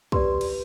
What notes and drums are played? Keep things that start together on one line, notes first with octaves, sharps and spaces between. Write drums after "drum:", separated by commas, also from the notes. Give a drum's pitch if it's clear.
G4 B4 D5 C6, drum: kick
drum: cymbal